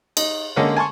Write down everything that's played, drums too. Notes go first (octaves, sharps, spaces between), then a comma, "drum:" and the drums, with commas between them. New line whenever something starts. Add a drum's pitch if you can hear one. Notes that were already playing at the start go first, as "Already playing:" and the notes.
D#4, drum: cymbal
D3 G#3 A#3 C#4
G#5 A5 C6 C#6